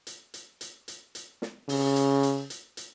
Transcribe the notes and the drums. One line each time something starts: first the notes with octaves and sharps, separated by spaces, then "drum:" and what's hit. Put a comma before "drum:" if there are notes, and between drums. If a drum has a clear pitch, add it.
drum: hi-hat
drum: hi-hat
drum: hi-hat
drum: hi-hat
drum: hi-hat
drum: snare
C#3, drum: open hi-hat
drum: hi-hat
drum: hi-hat
drum: hi-hat
drum: hi-hat